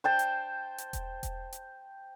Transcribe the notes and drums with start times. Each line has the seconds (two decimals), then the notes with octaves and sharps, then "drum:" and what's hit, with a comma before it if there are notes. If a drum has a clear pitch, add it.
0.04 C5 G5 A5
0.19 drum: hi-hat
0.78 drum: hi-hat
0.93 drum: kick E1, hi-hat
1.23 drum: kick E1, hi-hat
1.53 drum: hi-hat